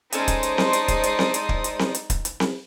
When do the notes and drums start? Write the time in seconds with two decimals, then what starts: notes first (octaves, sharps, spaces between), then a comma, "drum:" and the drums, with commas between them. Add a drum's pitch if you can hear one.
0.12 G#3 C#4 D#4 A4 C5 D5 G#5 D#6, drum: hi-hat
0.28 drum: kick, hi-hat
0.43 drum: hi-hat
0.58 drum: snare C4
0.73 drum: hi-hat
0.88 drum: kick, hi-hat
1.04 drum: hi-hat
1.19 drum: snare C4
1.34 drum: hi-hat
1.49 drum: kick
1.64 drum: hi-hat
1.79 drum: snare C4
1.95 drum: hi-hat
2.10 drum: kick, hi-hat
2.25 drum: hi-hat
2.40 drum: snare C4